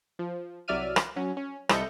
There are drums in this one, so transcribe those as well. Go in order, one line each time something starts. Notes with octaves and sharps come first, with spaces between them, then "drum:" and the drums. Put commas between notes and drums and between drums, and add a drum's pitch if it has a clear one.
F3
C2 F#3 D5 E5 F6 D#7
drum: rim click
F#3 C#4
C#4
C2 A4 D#5 E5 G6 C#7, drum: rim click